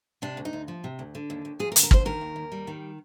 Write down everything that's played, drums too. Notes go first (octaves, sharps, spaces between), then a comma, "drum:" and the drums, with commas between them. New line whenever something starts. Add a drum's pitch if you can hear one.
C3 D4
D2
D#4
D2
F3
C3
D2
D3
D#2
D#2
F3 G#4
A#4
D3, drum: hi-hat
A#4
D#2 C5, drum: kick
D#3 A#4
D#2
D#2
G3
D#3